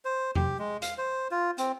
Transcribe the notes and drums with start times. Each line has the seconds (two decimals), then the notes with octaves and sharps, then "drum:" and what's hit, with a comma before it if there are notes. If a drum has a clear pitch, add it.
0.05 C5
0.35 G4, drum: tom E2
0.59 G#3
0.82 F5, drum: hi-hat
0.98 C5
1.31 F4
1.58 C4, drum: hi-hat